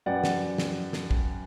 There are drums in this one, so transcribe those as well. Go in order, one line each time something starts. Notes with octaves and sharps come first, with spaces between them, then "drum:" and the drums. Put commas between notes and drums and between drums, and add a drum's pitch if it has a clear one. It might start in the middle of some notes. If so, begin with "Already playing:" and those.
F#2 B4 D5 F#5 G5 A6
drum: snare
drum: snare
drum: snare
drum: kick